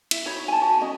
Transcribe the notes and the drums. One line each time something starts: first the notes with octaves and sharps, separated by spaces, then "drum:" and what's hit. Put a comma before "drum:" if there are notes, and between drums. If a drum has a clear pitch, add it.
E4, drum: cymbal
D#4 F#4 C#5 B5
G#5 A5
F#4 G#5
C#4 D#5 A#5